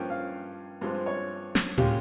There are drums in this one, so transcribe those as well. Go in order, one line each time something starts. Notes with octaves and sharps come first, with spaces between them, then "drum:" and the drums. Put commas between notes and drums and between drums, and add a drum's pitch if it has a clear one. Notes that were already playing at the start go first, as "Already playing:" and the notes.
Already playing: G2 F3 A#3 C#4 G5
F5
G2 F3 G#3 C4
C#5
drum: snare
A#2 G#3 C#4 F4 G4, drum: tom